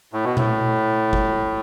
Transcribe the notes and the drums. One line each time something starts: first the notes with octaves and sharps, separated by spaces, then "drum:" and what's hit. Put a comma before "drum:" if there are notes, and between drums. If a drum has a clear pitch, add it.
A2
B2
A2, drum: tom A#2
drum: kick G1